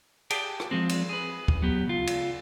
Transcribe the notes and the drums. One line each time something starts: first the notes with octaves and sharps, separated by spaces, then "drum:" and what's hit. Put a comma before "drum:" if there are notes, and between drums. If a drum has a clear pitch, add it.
G4 G#4 G5 A5, drum: cymbal
drum: rim click
F3 G#3 C4
drum: cymbal
G#4 B4
drum: kick
F#3 B3 G4
C#2 F4
drum: cymbal